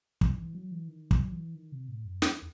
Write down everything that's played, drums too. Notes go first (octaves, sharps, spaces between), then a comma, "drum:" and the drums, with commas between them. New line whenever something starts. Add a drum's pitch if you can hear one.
E3, drum: kick
E3
F#3
E3
D#3
F#3, drum: kick
E3
D#3
C3
A2
F#2
E2, drum: snare